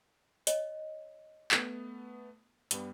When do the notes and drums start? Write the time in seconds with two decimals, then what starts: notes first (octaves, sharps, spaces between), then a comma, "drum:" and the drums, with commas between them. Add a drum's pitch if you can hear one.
0.47 C#5 D#5, drum: hi-hat
1.51 A3 B3, drum: clap
2.71 G2 G3 B3, drum: hi-hat